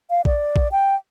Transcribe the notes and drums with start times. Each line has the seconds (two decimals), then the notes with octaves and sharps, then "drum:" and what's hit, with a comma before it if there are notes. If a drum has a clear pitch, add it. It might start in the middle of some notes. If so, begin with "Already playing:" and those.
0.10 F5
0.25 D5, drum: kick A#1
0.56 drum: kick A#1
0.72 G5